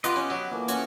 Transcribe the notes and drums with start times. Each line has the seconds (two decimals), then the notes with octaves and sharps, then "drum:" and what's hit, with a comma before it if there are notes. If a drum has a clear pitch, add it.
0.04 B3 F4 G4 B4 D#5, drum: hi-hat
0.16 C#4
0.30 F#3
0.51 E3 F3 A3 A#3
0.68 C#4 F#4 C#5, drum: hi-hat